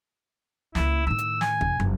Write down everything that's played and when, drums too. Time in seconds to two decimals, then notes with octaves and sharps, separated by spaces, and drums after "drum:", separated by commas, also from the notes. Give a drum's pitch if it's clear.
0.75 C#2 A#3 E4, drum: snare
1.07 A2 D#3 E6
1.18 drum: hi-hat
1.41 G#5, drum: snare
1.61 F1, drum: kick
1.80 F#1, drum: tom